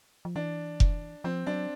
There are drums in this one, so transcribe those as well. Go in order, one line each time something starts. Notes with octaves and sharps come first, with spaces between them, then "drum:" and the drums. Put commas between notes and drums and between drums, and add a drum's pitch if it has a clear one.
F3
E3 D4
drum: kick F1
F3 C4
F#3 D4